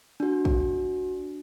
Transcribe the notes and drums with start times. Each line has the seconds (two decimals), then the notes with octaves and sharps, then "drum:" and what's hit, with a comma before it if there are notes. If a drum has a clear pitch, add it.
0.20 D4 F#4
0.45 drum: kick